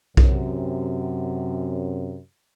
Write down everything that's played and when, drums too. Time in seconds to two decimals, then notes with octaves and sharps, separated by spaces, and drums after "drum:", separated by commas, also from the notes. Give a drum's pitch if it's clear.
0.17 F#2 C3, drum: kick B1